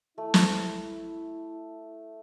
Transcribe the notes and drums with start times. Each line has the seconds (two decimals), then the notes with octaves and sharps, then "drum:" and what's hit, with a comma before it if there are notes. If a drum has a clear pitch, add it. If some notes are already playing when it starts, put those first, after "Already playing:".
0.18 A3 E4
0.34 drum: snare